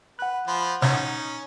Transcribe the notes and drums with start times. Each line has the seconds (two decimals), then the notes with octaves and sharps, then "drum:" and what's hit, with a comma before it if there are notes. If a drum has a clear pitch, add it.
0.19 B4 F#5 F#6
0.48 F3 C5 B5
0.82 C#4 D#4, drum: snare